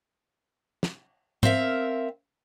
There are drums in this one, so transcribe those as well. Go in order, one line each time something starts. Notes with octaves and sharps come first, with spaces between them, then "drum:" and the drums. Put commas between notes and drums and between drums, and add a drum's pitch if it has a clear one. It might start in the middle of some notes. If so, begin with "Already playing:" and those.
drum: snare
C4 A#4 E5 F5, drum: tom G#2